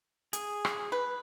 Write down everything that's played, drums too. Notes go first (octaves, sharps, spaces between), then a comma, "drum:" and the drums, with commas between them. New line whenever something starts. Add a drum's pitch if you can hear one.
G#4, drum: hi-hat
drum: rim click
B4